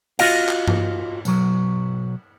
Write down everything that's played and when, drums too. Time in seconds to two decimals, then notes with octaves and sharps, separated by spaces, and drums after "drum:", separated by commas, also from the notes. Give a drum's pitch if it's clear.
0.19 F4 F#4 D#5 F5, drum: cymbal
0.49 drum: clap
0.68 drum: tom G2
1.25 B1 F#3, drum: tambourine